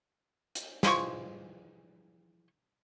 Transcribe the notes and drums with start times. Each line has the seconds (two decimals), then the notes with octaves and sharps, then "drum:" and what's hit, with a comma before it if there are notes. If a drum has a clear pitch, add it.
0.55 drum: hi-hat
0.83 E3 F3 G#3 C#6, drum: snare